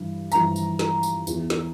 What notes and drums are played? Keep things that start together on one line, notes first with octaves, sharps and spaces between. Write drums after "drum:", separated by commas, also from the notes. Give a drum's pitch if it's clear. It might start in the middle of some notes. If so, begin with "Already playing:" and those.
Already playing: G2 E3
G2 E3 A#5, drum: tambourine
drum: tambourine
drum: snare
drum: tambourine
E2 E3, drum: tambourine
drum: snare